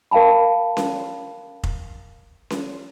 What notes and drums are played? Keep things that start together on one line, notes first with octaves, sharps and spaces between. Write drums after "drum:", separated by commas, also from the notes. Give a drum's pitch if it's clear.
A#4 F5 G5 A5 B5
drum: snare C#4
drum: kick F1
drum: snare C#4